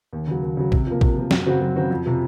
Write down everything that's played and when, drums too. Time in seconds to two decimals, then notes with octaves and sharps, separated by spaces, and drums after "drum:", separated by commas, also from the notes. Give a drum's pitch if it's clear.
0.13 D#2
0.28 C#3 F#3
0.42 D#2
0.57 C#3 F#3
0.72 C3, drum: kick
0.87 F3 A#3
1.01 C3, drum: kick
1.17 F3 A#3
1.31 F#2, drum: snare
1.46 C#3 F#3 C4 F#4
1.61 F#2
1.76 C#3 F#3 C4 F#4
1.90 F2
2.06 C3 F3